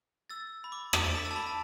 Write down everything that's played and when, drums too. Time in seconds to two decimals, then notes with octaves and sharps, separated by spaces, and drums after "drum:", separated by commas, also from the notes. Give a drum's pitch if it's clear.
0.30 E6 A6
0.64 B5
0.72 D6
0.93 D6, drum: rim click
1.04 A6 D7
1.15 B6 E7
1.25 E6 A6
1.31 A5
1.36 B5
1.46 A5